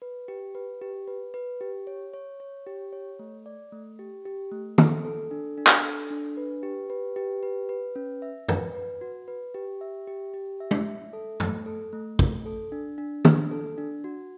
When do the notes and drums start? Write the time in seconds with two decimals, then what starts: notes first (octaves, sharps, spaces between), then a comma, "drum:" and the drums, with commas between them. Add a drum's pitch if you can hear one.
0.02 B4
0.28 G4
0.55 B4
0.82 G4
1.07 B4
1.34 B4
1.61 G4
1.87 C#5
2.14 C#5
2.40 C#5
2.67 G4
2.93 C#5
3.19 A3
3.46 D5
3.72 A3
3.99 G4
4.25 G4
4.52 A3
4.78 A4, drum: tom
5.05 A4
5.31 D4
5.58 D4
5.67 drum: clap
5.83 A4
6.11 D4
6.37 B4
6.63 G4
6.90 B4
7.16 G4
7.43 B4
7.69 B4
7.96 C#4
8.22 E5
8.49 B4, drum: tom
8.75 B4
9.01 F#4
9.28 B4
9.54 G4
9.81 E5
10.07 G4
10.34 G4
10.60 E5
10.71 drum: tom
10.86 E5
11.13 A4
11.40 A3, drum: tom G2
11.66 A4
11.93 A3
12.19 A3, drum: kick
12.46 A4
12.72 D4
12.98 D4
13.25 D4, drum: tom
13.51 A4
13.78 D4
14.04 F#4